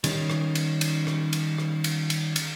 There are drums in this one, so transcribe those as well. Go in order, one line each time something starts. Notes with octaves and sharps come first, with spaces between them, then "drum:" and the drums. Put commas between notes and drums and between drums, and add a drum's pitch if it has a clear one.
D#3 G3 C#4, drum: cymbal
drum: rim click
drum: cymbal
drum: cymbal
drum: rim click
drum: cymbal
drum: rim click
drum: cymbal
drum: cymbal
drum: cymbal